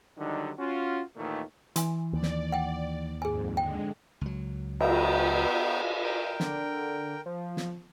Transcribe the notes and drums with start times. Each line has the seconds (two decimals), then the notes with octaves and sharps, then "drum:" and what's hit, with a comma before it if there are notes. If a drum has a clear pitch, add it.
0.18 D3 D#3 F#3 G3 D4 D#4
0.58 C#4 F4 F#4
1.16 D#2 A#2 D#3 E3 A3 D#4
1.76 E3 G#5 C6, drum: hi-hat
2.13 D#2 D5
2.23 drum: snare
2.52 F#5 G5
3.22 F2 G#2 G#4 G#5
3.57 D3 G#3 G5
4.21 C#2 F#3
4.80 B3 G5 A#5, drum: cymbal
6.04 A#4 G5
6.40 D3, drum: snare
7.26 F3
7.57 drum: snare